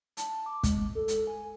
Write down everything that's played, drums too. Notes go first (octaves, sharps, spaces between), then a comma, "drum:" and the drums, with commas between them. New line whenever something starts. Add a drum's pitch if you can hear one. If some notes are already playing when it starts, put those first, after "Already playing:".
A5, drum: hi-hat
D6
G#3, drum: kick, hi-hat
A4
drum: hi-hat
G#5